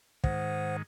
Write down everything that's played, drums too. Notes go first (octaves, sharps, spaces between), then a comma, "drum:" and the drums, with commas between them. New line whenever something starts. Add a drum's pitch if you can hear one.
G#2 D#3 C5 F#5, drum: kick